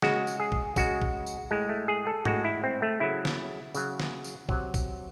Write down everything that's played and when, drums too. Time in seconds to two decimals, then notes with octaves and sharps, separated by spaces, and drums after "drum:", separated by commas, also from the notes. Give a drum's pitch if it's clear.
0.02 C#3 G#3 F#4, drum: snare
0.27 drum: tambourine
0.40 G#4
0.52 drum: kick
0.76 C#3 G#3 F#4, drum: kick, tambourine
1.02 drum: kick
1.26 drum: tambourine
1.51 A2 G#3
1.69 A3
1.88 G#4
2.07 A4
2.25 A2 G#3 F#4, drum: tom G#2
2.44 E4
2.64 C4
2.82 A3
3.00 C#3 F#3 E4
3.25 drum: snare
3.74 C#3 F#3, drum: tambourine
4.00 drum: snare
4.24 drum: tambourine
4.49 C3 F#3, drum: kick
4.74 drum: kick, tambourine